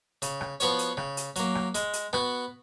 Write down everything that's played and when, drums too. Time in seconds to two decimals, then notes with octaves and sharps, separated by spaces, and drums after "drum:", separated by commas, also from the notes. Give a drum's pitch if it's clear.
0.22 C#3, drum: hi-hat
0.41 drum: rim click
0.60 F3 B3 F#4 C#5, drum: hi-hat
0.79 drum: hi-hat
0.97 C#3, drum: rim click
1.17 drum: hi-hat
1.36 F#3 A#3, drum: hi-hat
1.55 drum: rim click
1.75 G#3, drum: hi-hat
1.93 drum: hi-hat
2.13 B3 F#4, drum: rim click